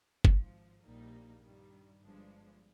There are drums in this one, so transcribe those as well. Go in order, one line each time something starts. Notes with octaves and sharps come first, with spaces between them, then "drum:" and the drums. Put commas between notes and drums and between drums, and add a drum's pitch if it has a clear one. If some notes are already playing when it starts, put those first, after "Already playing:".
G#1 G#2 F3, drum: kick G1
A#1 A#2 G3 A#3 D#4
G2 D#3 G3
G1 G2 F3 G#3 D4